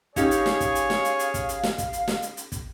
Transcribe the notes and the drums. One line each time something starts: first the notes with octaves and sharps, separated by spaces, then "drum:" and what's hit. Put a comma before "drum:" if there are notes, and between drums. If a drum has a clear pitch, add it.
C#4 D#4 G4 G#4 C#5 F5, drum: kick, hi-hat
drum: hi-hat
drum: snare
drum: kick, hi-hat
drum: hi-hat
drum: snare
drum: hi-hat
drum: hi-hat
drum: kick, hi-hat
drum: hi-hat
drum: snare
drum: kick, hi-hat
drum: hi-hat
drum: snare
drum: hi-hat
drum: hi-hat
drum: kick, hi-hat